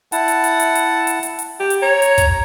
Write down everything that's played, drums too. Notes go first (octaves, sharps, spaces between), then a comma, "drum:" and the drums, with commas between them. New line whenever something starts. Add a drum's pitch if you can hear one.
E4 F#5 A5, drum: hi-hat
drum: hi-hat
drum: hi-hat
drum: hi-hat
drum: hi-hat
drum: hi-hat
drum: hi-hat
drum: hi-hat
G4
drum: hi-hat
C#5 A#5
drum: hi-hat
drum: kick, hi-hat